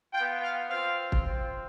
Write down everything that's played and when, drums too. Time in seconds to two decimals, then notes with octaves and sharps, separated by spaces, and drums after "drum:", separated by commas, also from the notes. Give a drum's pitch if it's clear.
0.13 B3 F4 G5
0.42 F5
0.70 C4 F4 F5
1.12 drum: kick
1.26 C4 F4